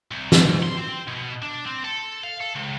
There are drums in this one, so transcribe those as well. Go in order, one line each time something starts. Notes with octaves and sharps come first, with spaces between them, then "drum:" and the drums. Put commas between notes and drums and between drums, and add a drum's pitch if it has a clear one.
C2
G#2, drum: snare
C6
C4
B2
D4
C4
A4
F5
A4
C#2